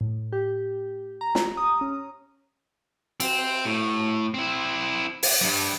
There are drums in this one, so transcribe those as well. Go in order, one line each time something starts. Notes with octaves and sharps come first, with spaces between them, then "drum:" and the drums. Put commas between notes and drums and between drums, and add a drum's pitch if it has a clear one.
A2
G4
A#5
drum: snare
D#6
C#4
C4, drum: cymbal
A2
C4 E4
drum: open hi-hat
G2 G3